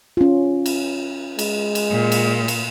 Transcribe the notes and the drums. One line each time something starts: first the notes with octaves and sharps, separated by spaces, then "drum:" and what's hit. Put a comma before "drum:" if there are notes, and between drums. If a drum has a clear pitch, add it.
C#4 F4
drum: cymbal
G#3, drum: cymbal
drum: cymbal
A#2
drum: cymbal
drum: cymbal